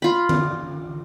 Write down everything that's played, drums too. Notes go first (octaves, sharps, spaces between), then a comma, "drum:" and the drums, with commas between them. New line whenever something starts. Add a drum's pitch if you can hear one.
F4 B5
drum: tom D3